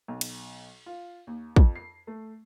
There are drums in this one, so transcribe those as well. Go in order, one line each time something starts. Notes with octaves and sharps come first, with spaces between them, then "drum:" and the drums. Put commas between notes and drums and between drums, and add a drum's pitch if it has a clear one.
B1
drum: cymbal
F4
D#2
F2, drum: kick
C7
A3